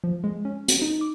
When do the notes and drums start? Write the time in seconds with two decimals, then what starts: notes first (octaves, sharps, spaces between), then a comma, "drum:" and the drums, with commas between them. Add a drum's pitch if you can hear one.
0.04 F3
0.24 G#3
0.45 C#4
0.68 drum: hi-hat
0.82 D#4
1.01 D6